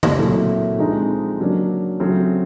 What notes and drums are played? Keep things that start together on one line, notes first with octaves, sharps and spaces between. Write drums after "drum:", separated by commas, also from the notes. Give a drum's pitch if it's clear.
drum: tom C#3
A#2 F#3 A3 C4 E4
D3 F3 G#3 C4 D#4
C#3 F#3 A#3 D4
C#3 F#3 A3 C4